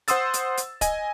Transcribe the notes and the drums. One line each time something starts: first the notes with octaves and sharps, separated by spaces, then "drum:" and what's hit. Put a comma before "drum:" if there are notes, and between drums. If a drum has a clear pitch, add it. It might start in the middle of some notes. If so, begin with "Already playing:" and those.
C5 F#5 C6 D#6 E6 A6, drum: hi-hat
drum: hi-hat
drum: hi-hat
D#5 G#5, drum: kick C#1, hi-hat